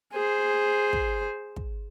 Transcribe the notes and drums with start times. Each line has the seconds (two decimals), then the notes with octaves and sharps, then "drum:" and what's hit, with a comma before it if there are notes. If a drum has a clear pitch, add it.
0.13 G#4 C5
0.93 drum: kick
1.56 drum: kick